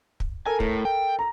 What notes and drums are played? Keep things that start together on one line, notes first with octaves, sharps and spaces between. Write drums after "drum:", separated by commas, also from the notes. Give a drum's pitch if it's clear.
drum: kick
A4 A#4 G#5
A2, drum: kick
G5
A#5